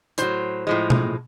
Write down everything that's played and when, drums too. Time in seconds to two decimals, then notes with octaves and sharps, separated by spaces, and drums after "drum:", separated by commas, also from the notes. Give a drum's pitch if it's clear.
0.18 A2 F#3 C5, drum: hi-hat
0.67 A2 F3 G#3
0.90 drum: tom B2